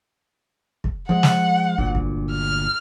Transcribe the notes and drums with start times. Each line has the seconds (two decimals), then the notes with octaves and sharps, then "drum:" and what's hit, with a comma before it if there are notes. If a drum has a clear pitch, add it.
0.84 drum: kick
1.09 F3 G#3 F#5
1.23 drum: snare
1.78 G1 D2 A#2, drum: kick
1.95 drum: kick
2.31 F6